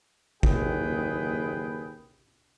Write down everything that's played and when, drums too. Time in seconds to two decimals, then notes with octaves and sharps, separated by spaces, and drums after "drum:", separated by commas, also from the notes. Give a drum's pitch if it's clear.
0.43 F#1 D#2 G#4 B4 G5, drum: kick